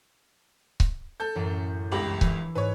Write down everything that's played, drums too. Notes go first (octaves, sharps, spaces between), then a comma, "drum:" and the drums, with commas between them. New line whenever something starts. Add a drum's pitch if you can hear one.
drum: kick C#1
A4 G6
A1 F#2
G1 C#2 G4 B5 D6 A#6
E3, drum: kick C#1
G#2 B4 C#5